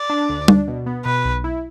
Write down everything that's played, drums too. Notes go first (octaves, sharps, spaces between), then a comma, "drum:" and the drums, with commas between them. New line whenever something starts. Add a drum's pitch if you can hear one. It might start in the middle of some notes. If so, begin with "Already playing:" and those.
Already playing: D5
D4
D2
D4, drum: tom
B2
B3
B2 B4
B1
E4